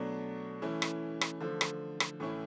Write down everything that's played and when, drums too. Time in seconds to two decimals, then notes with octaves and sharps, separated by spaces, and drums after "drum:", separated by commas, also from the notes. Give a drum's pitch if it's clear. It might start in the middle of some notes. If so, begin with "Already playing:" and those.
Already playing: B2 F#3 A3 D4
0.62 E3 A3 C#4 E4
0.82 drum: rim click
1.21 drum: rim click
1.41 D3 F3 A3
1.61 drum: rim click
2.00 drum: rim click
2.20 A2 E3 A3 C#4 E4 C#6